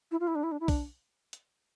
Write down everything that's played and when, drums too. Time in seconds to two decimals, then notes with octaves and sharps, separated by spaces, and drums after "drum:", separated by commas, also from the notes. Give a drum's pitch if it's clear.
0.11 E4
0.20 F4
0.27 E4
0.35 D4
0.43 E4
0.52 D4
0.60 E4
0.68 D4, drum: kick B1, open hi-hat
1.33 drum: hi-hat